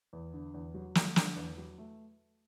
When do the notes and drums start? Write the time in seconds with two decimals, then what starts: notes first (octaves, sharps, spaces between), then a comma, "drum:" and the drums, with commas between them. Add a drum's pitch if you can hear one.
0.13 E2
0.33 D3
0.54 E2
0.74 F#3
0.95 A3, drum: snare
1.16 D3, drum: snare
1.36 E2
1.57 F#3
1.78 A3